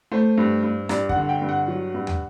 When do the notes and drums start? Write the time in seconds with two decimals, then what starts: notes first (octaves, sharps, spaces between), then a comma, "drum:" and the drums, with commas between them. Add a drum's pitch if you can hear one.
0.12 A3 C5
0.38 G2
0.63 G2
0.89 G2 D5, drum: rim click
1.09 F#5, drum: kick
1.16 D3
1.29 G5
1.42 G2
1.49 F#5
1.68 F#3
1.94 G2
2.07 drum: tom